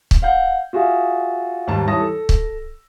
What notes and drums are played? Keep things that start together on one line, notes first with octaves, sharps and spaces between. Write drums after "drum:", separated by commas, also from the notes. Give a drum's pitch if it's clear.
drum: kick
F5 F#5 G6
F4 F#4 G#4 E5 F5
D#2 G#2 G3 A5
E3 G3 C#5 A5 D#6 A#6
A4
drum: kick